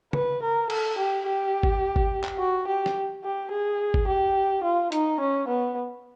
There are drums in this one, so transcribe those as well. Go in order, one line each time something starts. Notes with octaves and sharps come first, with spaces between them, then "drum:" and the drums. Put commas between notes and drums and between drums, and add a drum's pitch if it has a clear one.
B4, drum: tom
A#4
A4, drum: cymbal
G4
G4
drum: kick G#1
drum: kick G#1
drum: clap
F#4
G4
drum: snare
G4
G#4
drum: kick G#1
G4
F4
D#4, drum: hi-hat
C#4
B3